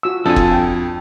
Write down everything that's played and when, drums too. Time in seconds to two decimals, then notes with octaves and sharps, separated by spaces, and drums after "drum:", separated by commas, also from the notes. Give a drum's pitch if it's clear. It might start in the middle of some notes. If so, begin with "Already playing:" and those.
0.03 F4 F#4 E6
0.26 F2 D4 F4 A4 G#5
0.36 drum: kick F#1
0.52 G5